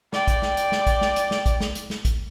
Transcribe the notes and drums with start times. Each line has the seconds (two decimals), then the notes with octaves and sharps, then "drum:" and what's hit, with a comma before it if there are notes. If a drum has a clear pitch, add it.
0.13 D5 G5, drum: snare
0.28 drum: kick, hi-hat
0.42 drum: snare
0.57 drum: hi-hat
0.72 drum: snare
0.87 drum: kick, hi-hat
1.01 drum: snare
1.16 drum: hi-hat
1.31 drum: snare
1.46 drum: kick, hi-hat
1.60 drum: snare
1.75 drum: hi-hat
1.90 drum: snare
2.05 drum: kick, hi-hat